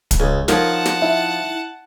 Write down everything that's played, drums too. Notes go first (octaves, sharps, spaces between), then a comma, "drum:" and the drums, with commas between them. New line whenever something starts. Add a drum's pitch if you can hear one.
drum: kick, hi-hat
C#2 G#4
F3 D#4 A#4 C#5 F#5 A5, drum: snare
drum: snare
E4